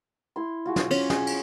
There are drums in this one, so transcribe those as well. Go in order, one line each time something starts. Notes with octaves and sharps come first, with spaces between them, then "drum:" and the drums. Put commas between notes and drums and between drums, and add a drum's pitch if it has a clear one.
E4 C6
F4 F#4 G#4
drum: snare
C#4, drum: cymbal
G#4, drum: snare
drum: cymbal